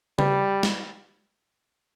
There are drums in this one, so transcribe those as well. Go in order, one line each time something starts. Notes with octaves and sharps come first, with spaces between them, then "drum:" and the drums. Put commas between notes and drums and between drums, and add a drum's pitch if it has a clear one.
G3, drum: tom C#3
drum: snare